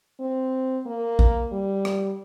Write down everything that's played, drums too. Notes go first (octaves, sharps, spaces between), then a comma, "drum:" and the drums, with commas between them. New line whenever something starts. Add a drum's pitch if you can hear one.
C4
A#3
drum: kick A#1
G3
drum: rim click